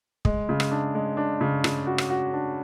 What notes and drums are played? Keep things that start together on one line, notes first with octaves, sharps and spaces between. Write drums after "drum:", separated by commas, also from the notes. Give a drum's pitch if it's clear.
G#3, drum: kick
C#3
drum: rim click
D4
G#3
D4
C#3
C#3, drum: rim click
F#4
drum: rim click
F#4
D4